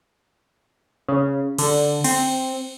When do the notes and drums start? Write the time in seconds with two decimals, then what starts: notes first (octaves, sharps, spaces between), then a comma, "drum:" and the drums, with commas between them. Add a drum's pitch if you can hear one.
1.09 C#3
1.58 D3, drum: cymbal
2.04 C4, drum: cymbal